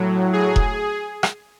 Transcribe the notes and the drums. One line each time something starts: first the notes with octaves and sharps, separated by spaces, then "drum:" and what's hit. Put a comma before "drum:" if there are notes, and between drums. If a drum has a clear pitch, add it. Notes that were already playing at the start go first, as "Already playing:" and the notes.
Already playing: A2 F#3
G#4
drum: kick E1
drum: rim click